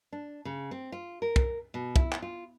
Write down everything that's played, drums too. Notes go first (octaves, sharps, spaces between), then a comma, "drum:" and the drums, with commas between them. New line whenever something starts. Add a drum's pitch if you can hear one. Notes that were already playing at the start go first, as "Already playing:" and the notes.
D4
C#3
C4
F4
A#4
drum: kick
B2
E4, drum: kick
drum: clap
F4